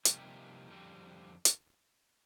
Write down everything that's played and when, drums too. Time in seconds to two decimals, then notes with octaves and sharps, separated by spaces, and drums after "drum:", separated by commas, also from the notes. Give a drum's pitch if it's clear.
0.05 C3 F3 G3 A#3 D#4 G4, drum: hi-hat
0.70 F2 D3 G3 C4
1.45 drum: hi-hat